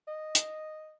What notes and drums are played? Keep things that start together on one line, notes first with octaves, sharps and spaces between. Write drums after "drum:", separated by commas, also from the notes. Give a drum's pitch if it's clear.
D#5
drum: hi-hat